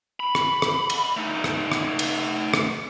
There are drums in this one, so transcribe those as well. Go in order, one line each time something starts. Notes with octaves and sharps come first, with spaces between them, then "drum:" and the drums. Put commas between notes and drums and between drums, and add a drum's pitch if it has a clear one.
B5
drum: rim click
drum: rim click
drum: cymbal
A3 D#4
drum: rim click
drum: rim click
drum: cymbal
drum: rim click